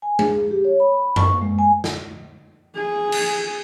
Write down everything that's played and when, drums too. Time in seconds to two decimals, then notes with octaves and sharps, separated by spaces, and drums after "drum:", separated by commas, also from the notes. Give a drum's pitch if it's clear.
0.02 G#5
0.19 G#4, drum: tom G#3
0.51 G4
0.65 C#5
0.80 B5
1.16 C#6, drum: tom F#2
1.42 G#3
1.59 G#5
1.84 drum: snare
2.76 G#4
3.12 drum: cymbal